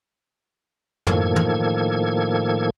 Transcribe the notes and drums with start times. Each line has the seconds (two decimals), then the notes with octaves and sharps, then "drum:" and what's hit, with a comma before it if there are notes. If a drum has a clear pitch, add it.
1.07 A2 D#3 F3 A#3 A4 G#6, drum: tom
1.36 drum: tom